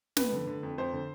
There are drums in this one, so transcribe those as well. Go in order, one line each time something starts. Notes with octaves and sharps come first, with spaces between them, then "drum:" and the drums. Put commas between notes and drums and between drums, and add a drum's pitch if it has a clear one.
F2 B4, drum: snare
D3
D3
F2
F2 C5
D3